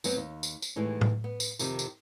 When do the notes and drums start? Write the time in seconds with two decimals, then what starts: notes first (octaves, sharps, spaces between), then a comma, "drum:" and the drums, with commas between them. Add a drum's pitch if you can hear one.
0.04 F#2 F#3 B3 C4, drum: tambourine
0.17 D#2
0.43 drum: tambourine
0.62 drum: tambourine
0.76 D#2 A2 E3 G#3
1.01 drum: tom
1.24 B3
1.40 drum: tambourine
1.59 F2 C3 D#3, drum: tambourine
1.79 drum: tambourine